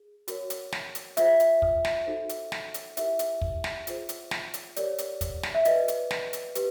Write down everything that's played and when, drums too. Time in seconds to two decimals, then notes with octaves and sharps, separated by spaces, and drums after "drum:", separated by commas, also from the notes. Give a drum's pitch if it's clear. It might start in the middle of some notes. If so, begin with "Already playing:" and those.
Already playing: G#4
0.28 F#4 A#4 C#5, drum: hi-hat
0.50 drum: hi-hat
0.72 drum: snare
0.95 drum: hi-hat
1.17 F4 G#4 C5 E5, drum: hi-hat
1.40 drum: hi-hat
1.62 drum: kick
1.85 drum: snare
2.06 D#4 F#4 A4 C5
2.29 drum: hi-hat
2.52 drum: snare
2.74 drum: hi-hat
2.97 E4 G4 A#4 E5, drum: hi-hat
3.19 drum: hi-hat
3.41 drum: kick
3.64 drum: snare
3.87 F4 G#4 C5, drum: hi-hat
4.09 drum: hi-hat
4.31 drum: snare
4.54 drum: hi-hat
4.76 G4 A#4 C#5 D5, drum: hi-hat
4.98 drum: hi-hat
5.21 drum: kick, hi-hat
5.43 drum: snare
5.55 E5
5.65 F#4 B4 D5 D#5, drum: hi-hat
5.88 drum: hi-hat
6.11 drum: snare
6.33 drum: hi-hat
6.55 G4 B4, drum: hi-hat